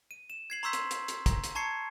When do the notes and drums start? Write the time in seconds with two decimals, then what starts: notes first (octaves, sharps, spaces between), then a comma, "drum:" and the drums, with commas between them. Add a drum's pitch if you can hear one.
0.11 D#7
0.30 E7
0.50 G#6 C7 F#7
0.63 A#5 C6 C#6 E6 G6 B6
0.73 drum: hi-hat
0.91 drum: hi-hat
1.08 drum: hi-hat
1.26 A#5, drum: kick, hi-hat
1.44 drum: hi-hat
1.55 A5 A#5 C#6 G#6 C7 C#7